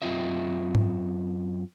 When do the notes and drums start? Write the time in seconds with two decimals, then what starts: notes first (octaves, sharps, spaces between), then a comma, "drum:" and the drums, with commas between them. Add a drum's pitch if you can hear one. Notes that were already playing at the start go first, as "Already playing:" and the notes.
0.02 F#2 C4 F4 D#5 E5
0.75 drum: tom G#2